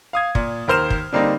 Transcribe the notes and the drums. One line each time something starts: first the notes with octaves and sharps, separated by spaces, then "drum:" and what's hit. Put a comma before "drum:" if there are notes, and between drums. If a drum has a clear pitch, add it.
F5 D#6 G#6
A#2, drum: kick
D#2 A#4 C5 F6 E7
drum: kick
D3 G3 A#3 C4 D4 D#4